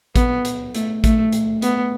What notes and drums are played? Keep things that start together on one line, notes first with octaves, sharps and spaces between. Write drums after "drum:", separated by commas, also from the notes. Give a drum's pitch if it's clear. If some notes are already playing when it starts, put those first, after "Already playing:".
B3, drum: kick A1, hi-hat
drum: hi-hat
A3, drum: hi-hat
A3, drum: kick A1, hi-hat
drum: hi-hat
B3, drum: hi-hat